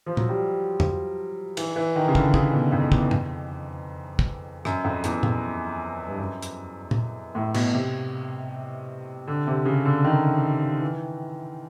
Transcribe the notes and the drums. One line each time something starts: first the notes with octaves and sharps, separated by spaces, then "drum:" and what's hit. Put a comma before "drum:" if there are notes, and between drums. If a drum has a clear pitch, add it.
F3
F#3, drum: tom
G3
F3, drum: tom F2
E3, drum: cymbal
E3
D#3
C#3
D3, drum: kick
C#3, drum: kick
B2
F2
E2, drum: kick
F2, drum: tom G2
drum: kick
F#2, drum: rim click
F2
E2, drum: hi-hat
F2, drum: tom
G2
F#2
drum: hi-hat
drum: tom
A2
B2, drum: cymbal
C3
D3
C3
C#3
D3
D#3
E3